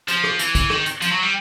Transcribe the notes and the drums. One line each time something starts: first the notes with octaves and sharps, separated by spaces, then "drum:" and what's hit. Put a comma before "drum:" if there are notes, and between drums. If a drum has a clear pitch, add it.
F3, drum: hi-hat
drum: rim click
E3, drum: hi-hat
drum: kick, hi-hat
D#3, drum: rim click
drum: hi-hat
F3, drum: hi-hat
F#3
G3